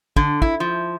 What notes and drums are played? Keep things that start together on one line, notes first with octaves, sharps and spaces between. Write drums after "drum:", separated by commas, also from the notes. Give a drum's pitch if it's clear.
D3, drum: kick
E4, drum: kick
F3